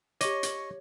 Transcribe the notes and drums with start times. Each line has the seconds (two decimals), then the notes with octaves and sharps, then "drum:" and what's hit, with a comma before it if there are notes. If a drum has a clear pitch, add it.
0.21 G4 C#5 D#5 C#6 D6, drum: hi-hat
0.43 drum: hi-hat